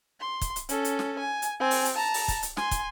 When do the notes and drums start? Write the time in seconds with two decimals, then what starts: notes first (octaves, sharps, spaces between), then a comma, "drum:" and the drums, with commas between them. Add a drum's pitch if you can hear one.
0.21 C6
0.41 drum: kick, hi-hat
0.56 drum: hi-hat
0.69 C#4 A4, drum: hi-hat
0.85 drum: hi-hat
0.99 drum: snare
1.19 G#5
1.42 drum: hi-hat
1.59 C4 G#5
1.71 drum: open hi-hat
1.85 drum: hi-hat
1.95 A5 A#5
2.14 drum: open hi-hat
2.28 drum: kick, hi-hat
2.43 drum: hi-hat
2.57 G#5 C6, drum: snare
2.71 drum: kick, hi-hat